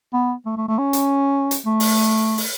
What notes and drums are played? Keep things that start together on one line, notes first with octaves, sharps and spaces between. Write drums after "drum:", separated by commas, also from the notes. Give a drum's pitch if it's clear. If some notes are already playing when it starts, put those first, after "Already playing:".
B3
A3
A3
A3
C#4
drum: hi-hat
drum: hi-hat
A3
drum: open hi-hat
drum: open hi-hat